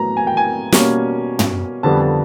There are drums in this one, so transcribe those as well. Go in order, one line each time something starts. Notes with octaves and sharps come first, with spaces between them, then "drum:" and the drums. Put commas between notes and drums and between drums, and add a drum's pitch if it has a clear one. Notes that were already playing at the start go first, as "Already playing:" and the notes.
Already playing: A2 F#3 B3 A#5
G#5
G5
G#5
B2 G3 A#3 C#4, drum: snare
drum: tom
F2 D3 G3 B3 A5
A5